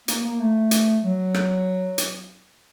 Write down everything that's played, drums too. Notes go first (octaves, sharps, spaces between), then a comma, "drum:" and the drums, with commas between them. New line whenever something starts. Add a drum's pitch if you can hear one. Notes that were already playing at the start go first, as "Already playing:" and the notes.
A#3, drum: hi-hat
A#3
A3
drum: hi-hat
F#3
drum: rim click
drum: hi-hat